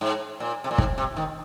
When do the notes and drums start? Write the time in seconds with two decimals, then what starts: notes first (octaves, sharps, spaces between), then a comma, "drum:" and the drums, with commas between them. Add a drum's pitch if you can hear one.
0.01 G#2
0.40 A#2
0.64 C3
0.71 A#2
0.78 G#2, drum: kick
0.98 C3
1.16 D#3